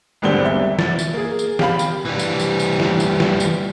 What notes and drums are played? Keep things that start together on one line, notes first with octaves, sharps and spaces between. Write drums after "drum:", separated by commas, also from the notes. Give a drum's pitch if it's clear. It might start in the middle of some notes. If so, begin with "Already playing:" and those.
G#1 E2 D3 G3 C4 G7
E5
A6, drum: snare
drum: tambourine
A#3 G#4
drum: tambourine
G4 F5 B5, drum: snare
drum: tambourine
E3 G3
drum: tambourine
drum: tambourine
drum: tambourine
drum: snare
drum: tambourine
drum: snare
drum: tambourine